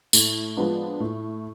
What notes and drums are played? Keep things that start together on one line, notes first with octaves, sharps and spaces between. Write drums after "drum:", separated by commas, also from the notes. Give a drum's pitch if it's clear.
A2, drum: tambourine
F3 G#3 B3 D4
A2